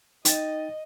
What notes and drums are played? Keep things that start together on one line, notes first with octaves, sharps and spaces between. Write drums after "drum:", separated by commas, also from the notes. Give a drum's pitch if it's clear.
D#4 D#5 G5 A6, drum: hi-hat